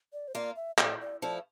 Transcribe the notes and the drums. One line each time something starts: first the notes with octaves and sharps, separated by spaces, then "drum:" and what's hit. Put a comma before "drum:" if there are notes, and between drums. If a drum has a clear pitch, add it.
D5
C5
A#3 F4 D5
E5
A2 D5, drum: clap
D5
F3 A3 E4 D5